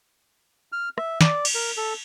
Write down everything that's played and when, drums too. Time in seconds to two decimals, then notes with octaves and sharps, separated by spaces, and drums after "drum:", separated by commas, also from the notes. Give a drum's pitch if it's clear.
0.72 F6
0.98 E5, drum: rim click
1.21 D5, drum: snare
1.45 drum: cymbal
1.55 A#4
1.77 A4